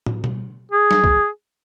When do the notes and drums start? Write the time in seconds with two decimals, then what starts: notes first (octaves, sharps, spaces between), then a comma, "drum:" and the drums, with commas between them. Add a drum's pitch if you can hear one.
0.06 drum: tom
0.24 drum: tom B2
0.72 G#4
0.91 drum: snare G3
1.04 drum: kick